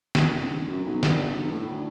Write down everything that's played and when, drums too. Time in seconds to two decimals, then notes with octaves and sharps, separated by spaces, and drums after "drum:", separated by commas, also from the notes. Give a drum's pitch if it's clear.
0.15 D2, drum: snare
0.42 D#1
0.68 F#2
0.84 B1
1.03 G1, drum: snare
1.31 B1
1.52 A2
1.68 D2